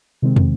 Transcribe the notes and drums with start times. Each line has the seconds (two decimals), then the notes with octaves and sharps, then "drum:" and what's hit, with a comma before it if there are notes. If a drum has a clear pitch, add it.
0.22 C3 D#3 G#3 C4
0.36 drum: tom